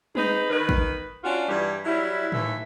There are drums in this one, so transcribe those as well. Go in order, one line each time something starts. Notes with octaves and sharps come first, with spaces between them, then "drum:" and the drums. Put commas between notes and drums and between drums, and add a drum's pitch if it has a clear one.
C4 D#4 G#4 B4, drum: tom G3
D#3 B4
drum: kick
C#4 D4 F4 F#4
G2 E3 G3
F#3 G3 E4
D#2 E3 A3 E5, drum: tom A2